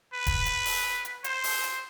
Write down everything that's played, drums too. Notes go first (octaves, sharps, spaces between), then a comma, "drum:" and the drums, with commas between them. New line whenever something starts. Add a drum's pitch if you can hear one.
B4
drum: kick D#1, hi-hat
drum: hi-hat
drum: open hi-hat
drum: hi-hat
C5, drum: hi-hat
drum: open hi-hat
drum: hi-hat